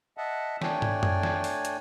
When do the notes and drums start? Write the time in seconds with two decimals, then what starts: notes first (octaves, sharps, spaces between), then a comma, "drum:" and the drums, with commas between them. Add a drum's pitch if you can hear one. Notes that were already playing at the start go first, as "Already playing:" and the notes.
0.17 D#5 E5 F#5 A5
0.62 A3 D4 C#5 D5 G5 G#5, drum: snare
0.82 drum: tom
1.03 drum: tom F#2
1.23 drum: snare
1.44 drum: open hi-hat
1.65 drum: hi-hat